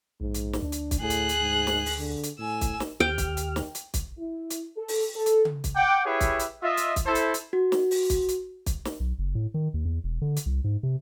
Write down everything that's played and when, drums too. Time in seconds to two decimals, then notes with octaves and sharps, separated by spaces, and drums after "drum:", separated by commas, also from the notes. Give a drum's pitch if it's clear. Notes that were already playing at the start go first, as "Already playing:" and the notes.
0.21 A#1 G#2
0.34 drum: hi-hat
0.53 drum: snare
0.62 D2 D4
0.72 drum: hi-hat
0.91 drum: kick, hi-hat
1.01 A2 G#4 F#6
1.10 drum: hi-hat
1.29 drum: hi-hat
1.41 G#2
1.67 drum: snare
1.86 drum: open hi-hat
1.98 D3
2.24 drum: hi-hat
2.39 A2 G#5 E6
2.61 drum: kick, hi-hat
2.80 drum: snare
3.00 D#2 G4 G5 F6
3.18 drum: kick, hi-hat
3.37 drum: hi-hat
3.56 drum: snare
3.75 drum: hi-hat
3.94 drum: kick, hi-hat
4.18 E4
4.50 drum: hi-hat
4.77 A4
4.88 drum: open hi-hat
5.15 A4
5.26 drum: hi-hat
5.45 drum: tom C#3
5.64 drum: kick, hi-hat
5.76 F#5 G5 D6
6.05 E4 G4 G#4 B4 C#5 E5
6.21 drum: kick, hi-hat
6.40 drum: hi-hat
6.62 F4 D#5 E5
6.77 drum: hi-hat
6.96 drum: kick, hi-hat
7.06 E4 A4 C5
7.15 drum: hi-hat
7.34 drum: hi-hat
7.53 F#4
7.72 drum: snare
7.91 drum: open hi-hat
8.10 drum: kick, hi-hat
8.29 drum: hi-hat
8.66 drum: kick, hi-hat
8.85 drum: snare
9.00 B1
9.19 F#1
9.35 A2
9.54 D#3
9.74 D#2
9.85 E2
10.04 E1
10.22 D3
10.37 drum: hi-hat
10.46 C2
10.64 G#2
10.83 C3